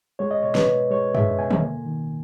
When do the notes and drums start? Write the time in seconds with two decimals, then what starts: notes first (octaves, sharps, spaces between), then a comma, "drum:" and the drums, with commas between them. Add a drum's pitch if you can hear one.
0.19 G#3 C#5
0.31 D#5
0.43 B2 C#5
0.55 B4, drum: snare
0.67 B2
0.91 G#3 C#5
1.15 G#3 E5, drum: tom
1.39 B2 G#5
1.51 drum: tom
1.63 A#3
1.86 D#3